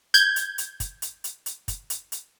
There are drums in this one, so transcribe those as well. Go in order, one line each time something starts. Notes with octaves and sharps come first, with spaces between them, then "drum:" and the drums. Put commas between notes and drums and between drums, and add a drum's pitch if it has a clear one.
G6 G#6, drum: hi-hat
drum: hi-hat
drum: hi-hat
drum: kick, hi-hat
drum: hi-hat
drum: hi-hat
drum: hi-hat
drum: kick, hi-hat
drum: hi-hat
drum: hi-hat